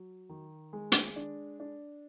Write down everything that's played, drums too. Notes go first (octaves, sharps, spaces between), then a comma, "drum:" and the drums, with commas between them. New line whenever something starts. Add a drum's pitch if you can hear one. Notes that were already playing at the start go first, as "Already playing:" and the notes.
Already playing: F#3
D#3
G#3
drum: hi-hat
D4
D4